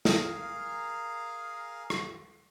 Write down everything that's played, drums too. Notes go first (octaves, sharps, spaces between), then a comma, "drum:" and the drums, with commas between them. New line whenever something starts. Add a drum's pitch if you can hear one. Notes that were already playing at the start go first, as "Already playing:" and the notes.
G#4 A#4 F5, drum: snare
drum: rim click